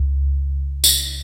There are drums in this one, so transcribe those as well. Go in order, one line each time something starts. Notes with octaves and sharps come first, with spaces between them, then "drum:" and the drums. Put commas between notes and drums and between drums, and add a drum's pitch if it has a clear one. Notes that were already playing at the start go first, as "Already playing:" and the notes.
Already playing: C#2
drum: tambourine